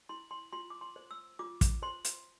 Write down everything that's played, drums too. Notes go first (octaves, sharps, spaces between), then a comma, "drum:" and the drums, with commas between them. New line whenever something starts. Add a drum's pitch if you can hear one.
E4 C6
C6
F4 C6
D6
C6
C5
E6
F4 D6
drum: kick, hi-hat
C5 C6
drum: hi-hat